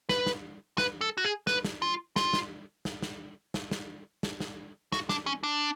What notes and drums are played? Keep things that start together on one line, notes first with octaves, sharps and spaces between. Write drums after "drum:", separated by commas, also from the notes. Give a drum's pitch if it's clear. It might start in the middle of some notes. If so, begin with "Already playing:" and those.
B4, drum: snare
drum: snare
B4, drum: snare
A4
F#4
G#4
B4, drum: snare
drum: snare
F4
F4, drum: snare
drum: snare
drum: snare
drum: snare
drum: snare
drum: snare
drum: snare
drum: snare
F#4, drum: snare
D4, drum: snare
C#4
D4